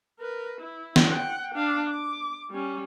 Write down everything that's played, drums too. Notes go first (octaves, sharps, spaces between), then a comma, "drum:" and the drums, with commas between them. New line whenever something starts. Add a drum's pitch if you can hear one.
A#4 B4
E4
drum: snare
F#5 G5
D4 F5
D6
G3 C#4